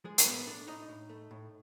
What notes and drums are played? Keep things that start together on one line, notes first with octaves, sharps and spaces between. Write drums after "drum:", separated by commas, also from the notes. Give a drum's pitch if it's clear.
F3 G#3 G#4
A#4, drum: hi-hat
A2 B3 B4
A3 D4 D5
A2 D#4 D#5
A2
A3
A2